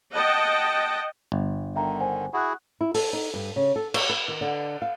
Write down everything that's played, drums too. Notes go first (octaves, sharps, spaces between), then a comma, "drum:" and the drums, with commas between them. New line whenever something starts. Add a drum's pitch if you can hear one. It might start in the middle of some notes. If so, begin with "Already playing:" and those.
D#5 F#5 G5 A5
G1
D3 D#3 E5 G5 A#5
C5 F#5 G#5
E4 F#4 G#4 F#5 F#6
E4
A4, drum: open hi-hat
D#4
G2
C#3
A4
C#5, drum: cymbal
B4
D#3
D3
F5